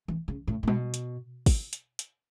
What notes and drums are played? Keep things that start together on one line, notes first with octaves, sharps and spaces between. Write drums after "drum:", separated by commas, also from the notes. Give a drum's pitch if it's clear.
E3
C#3
A2
A2
B2, drum: tom G3
drum: hi-hat
drum: kick, open hi-hat
drum: hi-hat
drum: hi-hat